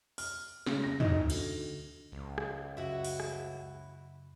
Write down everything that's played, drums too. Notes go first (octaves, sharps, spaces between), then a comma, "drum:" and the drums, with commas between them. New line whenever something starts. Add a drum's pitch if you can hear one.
F6, drum: open hi-hat
C#3, drum: snare
A#6
D#4, drum: tom
D2, drum: cymbal
C#2
drum: rim click
F#2 C#3 E4 F#4
drum: open hi-hat
drum: rim click